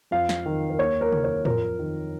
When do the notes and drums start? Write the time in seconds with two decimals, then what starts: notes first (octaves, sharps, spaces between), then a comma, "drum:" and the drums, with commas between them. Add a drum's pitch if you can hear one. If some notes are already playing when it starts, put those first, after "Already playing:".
0.11 F2 F5
0.29 drum: snare
0.46 D#3
0.70 A#4
0.78 D#2 C#5
1.01 A#4
1.12 D#3, drum: tom C3
1.24 C#5
1.45 F2 A#4, drum: tom A2
1.79 D#3